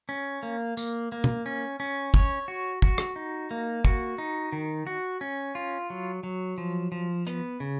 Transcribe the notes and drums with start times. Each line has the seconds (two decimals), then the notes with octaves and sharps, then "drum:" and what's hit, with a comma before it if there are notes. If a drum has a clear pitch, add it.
0.09 C#4
0.43 A#3
0.77 A#3, drum: tambourine
1.12 A#3
1.24 drum: tom
1.46 C#4
1.80 C#4
2.14 C#5, drum: kick
2.48 F#4
2.82 F#4, drum: kick
2.98 drum: rim click
3.16 D#4
3.51 A#3
3.85 F#4, drum: kick
4.18 D#4
4.52 D#3
4.87 F#4
5.21 C#4
5.55 F4
5.90 F#3
6.23 F#3
6.58 F3
6.92 F3
7.27 B3, drum: hi-hat
7.60 C#3